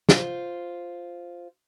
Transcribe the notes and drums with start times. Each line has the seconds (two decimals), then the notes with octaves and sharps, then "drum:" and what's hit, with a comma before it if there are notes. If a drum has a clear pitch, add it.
0.09 F4 C5, drum: snare